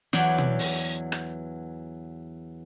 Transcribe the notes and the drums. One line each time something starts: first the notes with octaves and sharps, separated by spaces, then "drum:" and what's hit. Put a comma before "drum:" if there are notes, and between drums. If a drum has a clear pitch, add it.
E2 F#3 D5, drum: snare
drum: tom
drum: open hi-hat
drum: rim click